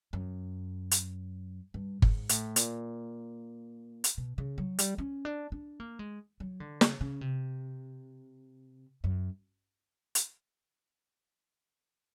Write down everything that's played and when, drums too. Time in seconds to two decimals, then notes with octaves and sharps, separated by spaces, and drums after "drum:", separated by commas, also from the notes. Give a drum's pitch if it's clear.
0.13 F#2
0.91 drum: hi-hat
1.74 G2
2.02 G#2, drum: kick G1
2.29 A2, drum: hi-hat
2.56 A#2, drum: hi-hat
4.04 drum: hi-hat
4.18 B2
4.38 C#3
4.58 F#3
4.79 G3, drum: hi-hat
4.98 C#4
5.25 D4
5.52 D4
5.80 A#3
5.99 G#3
6.40 F#3
6.60 D3
6.81 C#3, drum: snare
7.01 C#3
7.21 C3
9.04 F#2
10.15 drum: hi-hat